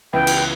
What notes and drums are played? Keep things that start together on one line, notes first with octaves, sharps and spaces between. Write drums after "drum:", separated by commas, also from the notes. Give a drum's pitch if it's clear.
C#2 C#3 E3 B3 E4 G5
drum: cymbal